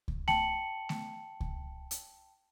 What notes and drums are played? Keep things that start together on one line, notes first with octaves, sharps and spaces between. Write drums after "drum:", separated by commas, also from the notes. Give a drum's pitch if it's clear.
drum: kick C#2
G5 A5 C#7 F#7, drum: snare A3
drum: snare A3
drum: kick C#2
drum: hi-hat